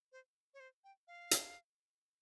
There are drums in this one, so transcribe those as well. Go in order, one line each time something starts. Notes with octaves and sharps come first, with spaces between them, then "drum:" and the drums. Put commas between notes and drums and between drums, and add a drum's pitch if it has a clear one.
C5
C#5
C5
G5
F5
drum: hi-hat